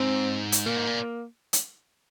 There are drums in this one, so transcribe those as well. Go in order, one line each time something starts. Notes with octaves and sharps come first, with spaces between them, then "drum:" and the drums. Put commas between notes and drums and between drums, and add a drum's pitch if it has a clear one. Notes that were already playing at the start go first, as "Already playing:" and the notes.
Already playing: G#2 C4
drum: hi-hat
A#2 A#3
G#2
A#2
drum: hi-hat